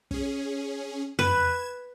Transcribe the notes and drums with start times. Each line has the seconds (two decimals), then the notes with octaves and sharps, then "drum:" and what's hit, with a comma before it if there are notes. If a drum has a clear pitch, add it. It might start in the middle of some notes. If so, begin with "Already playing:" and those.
0.11 C#4 G#4, drum: kick
1.19 B4 G#6 E7, drum: tom